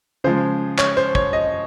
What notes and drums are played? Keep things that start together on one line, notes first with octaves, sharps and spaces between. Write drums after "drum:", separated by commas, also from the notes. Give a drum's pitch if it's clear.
C#3 F3 G#3 C5
C#5, drum: clap
C5
C#5, drum: kick
D#5